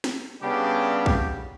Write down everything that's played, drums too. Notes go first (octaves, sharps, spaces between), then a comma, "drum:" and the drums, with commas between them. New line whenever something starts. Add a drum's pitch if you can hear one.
drum: snare
C#3 G3 B3 D4 G4
drum: kick